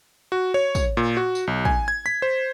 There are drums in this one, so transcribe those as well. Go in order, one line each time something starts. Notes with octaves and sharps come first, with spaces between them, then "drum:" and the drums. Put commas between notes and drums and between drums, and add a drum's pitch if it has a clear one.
F#4
C#5
drum: kick, tambourine
A#2
F#4
drum: tambourine
B1
G#5, drum: kick
G#6
B6
C5